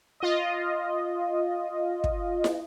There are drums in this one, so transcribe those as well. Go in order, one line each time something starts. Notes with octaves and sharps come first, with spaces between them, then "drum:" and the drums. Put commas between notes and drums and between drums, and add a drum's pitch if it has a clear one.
F4 D#5
drum: kick
drum: snare